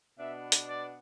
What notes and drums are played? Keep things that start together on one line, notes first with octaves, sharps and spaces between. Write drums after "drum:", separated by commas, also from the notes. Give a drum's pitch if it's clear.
B2 B3 D4 E5
drum: hi-hat
D5